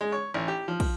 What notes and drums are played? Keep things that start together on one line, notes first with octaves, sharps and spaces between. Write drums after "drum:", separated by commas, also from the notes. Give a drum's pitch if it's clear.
G#3
C#5
A1
G4
F3
drum: kick, cymbal